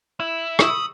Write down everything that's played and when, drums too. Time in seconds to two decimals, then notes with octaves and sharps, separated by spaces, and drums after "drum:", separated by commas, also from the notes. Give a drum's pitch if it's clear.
0.20 E4
0.59 B5 C#6 D#6 E6, drum: rim click